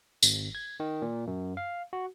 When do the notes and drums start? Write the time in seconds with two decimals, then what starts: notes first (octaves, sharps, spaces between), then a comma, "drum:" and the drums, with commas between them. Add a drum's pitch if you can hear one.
0.22 G#1, drum: tambourine
0.55 G#6
0.80 D#3
1.02 A#2
1.27 F#2
1.57 F5
1.93 F#4